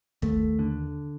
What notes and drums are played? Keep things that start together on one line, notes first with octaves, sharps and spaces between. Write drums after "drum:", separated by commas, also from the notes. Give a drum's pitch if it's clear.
D#2 A3, drum: kick
D3